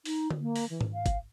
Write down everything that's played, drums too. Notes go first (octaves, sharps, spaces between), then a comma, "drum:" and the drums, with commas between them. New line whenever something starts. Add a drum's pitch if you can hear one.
D#4, drum: open hi-hat
drum: tom D3
A#3
drum: open hi-hat
E3
drum: tom G#2
F5
drum: kick, hi-hat